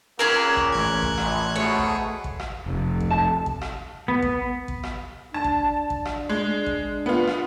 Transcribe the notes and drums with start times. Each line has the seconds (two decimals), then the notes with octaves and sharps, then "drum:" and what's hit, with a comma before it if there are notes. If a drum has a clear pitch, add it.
0.19 C#2 A#2 A#3 C#4 G#4 A#4 E6 F#6
0.57 drum: kick
0.72 A1 F#6 G#6
1.02 drum: kick
1.18 A#1, drum: rim click
1.56 G#2 B2 A3 F#4 G#4 C#5
1.79 drum: kick
2.24 drum: kick
2.40 drum: rim click
2.66 F1
3.00 drum: kick
3.10 A5
3.46 drum: kick
3.61 drum: rim click
4.08 B3
4.22 drum: kick
4.68 drum: kick
4.83 drum: rim click
5.34 D4 A5
5.44 drum: kick
5.90 drum: kick
6.05 drum: rim click
6.29 G#3
6.66 drum: kick
7.06 B3 F4
7.27 drum: rim click